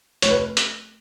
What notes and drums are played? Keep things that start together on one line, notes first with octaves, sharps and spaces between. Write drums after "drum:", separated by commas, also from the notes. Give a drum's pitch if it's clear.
F1 C#5, drum: hi-hat
B4
drum: hi-hat